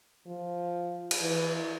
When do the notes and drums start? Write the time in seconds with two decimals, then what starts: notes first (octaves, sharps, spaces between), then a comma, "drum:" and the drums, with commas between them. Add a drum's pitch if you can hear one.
0.27 F3
1.11 drum: cymbal
1.21 E3